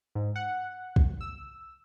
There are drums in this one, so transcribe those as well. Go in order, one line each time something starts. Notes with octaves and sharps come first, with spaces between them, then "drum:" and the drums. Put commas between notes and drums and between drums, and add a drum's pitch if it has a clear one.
G#2
F#5
drum: kick
E6